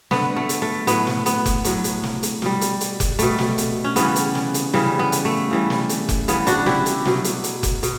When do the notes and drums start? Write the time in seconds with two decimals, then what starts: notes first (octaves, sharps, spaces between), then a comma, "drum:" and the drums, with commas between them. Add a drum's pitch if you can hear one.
0.11 D3 A3 B3, drum: snare
0.36 A3
0.49 drum: hi-hat
0.62 A3
0.87 A2 F#3 A3 B3, drum: hi-hat
1.07 drum: snare
1.26 B3, drum: hi-hat
1.46 drum: kick F1, hi-hat
1.64 A2 F#3 A3, drum: hi-hat
1.84 drum: hi-hat
2.03 drum: snare
2.23 drum: hi-hat
2.42 B2 G3, drum: snare
2.61 drum: hi-hat
2.81 drum: hi-hat
3.00 drum: kick F1, hi-hat
3.19 B2 G3 A3, drum: hi-hat
3.39 drum: snare
3.58 drum: hi-hat
3.84 C#4
3.96 C#3 E3 G3 B3, drum: hi-hat
4.16 drum: hi-hat
4.35 drum: snare
4.54 drum: hi-hat
4.73 C#3 E3 G3, drum: snare
4.99 B3
5.12 drum: hi-hat
5.25 A3
5.51 C#3 E3 G3
5.70 drum: snare
5.89 drum: hi-hat
6.09 drum: kick F1, hi-hat
6.28 C#3 E3 G3 B3, drum: hi-hat
6.47 D4 F#4, drum: hi-hat
6.66 E4 G4, drum: snare
6.86 drum: hi-hat
7.05 B2 F#3 A3, drum: snare
7.24 drum: hi-hat
7.44 drum: hi-hat
7.63 drum: kick F1, hi-hat
7.83 B2, drum: hi-hat